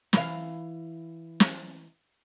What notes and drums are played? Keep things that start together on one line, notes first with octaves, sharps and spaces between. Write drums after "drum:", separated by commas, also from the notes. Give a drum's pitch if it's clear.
E3 F5, drum: snare
drum: snare